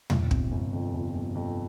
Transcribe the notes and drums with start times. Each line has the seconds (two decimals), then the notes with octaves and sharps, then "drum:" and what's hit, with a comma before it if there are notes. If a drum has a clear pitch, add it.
0.10 G1, drum: tom
0.31 C3, drum: kick
0.52 G1
0.73 F2
0.94 G1
1.14 G1
1.35 F2